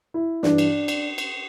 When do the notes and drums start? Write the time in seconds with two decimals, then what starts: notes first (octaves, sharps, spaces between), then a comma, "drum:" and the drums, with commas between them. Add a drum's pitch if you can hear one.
0.14 E4
0.43 G2 E3 D4, drum: snare
0.58 drum: cymbal
0.88 drum: cymbal
1.18 drum: cymbal